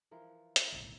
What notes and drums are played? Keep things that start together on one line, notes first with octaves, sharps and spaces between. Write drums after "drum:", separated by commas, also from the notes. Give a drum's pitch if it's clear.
E3 F3 A#4
E4 A#4, drum: hi-hat
D1 B1 C#3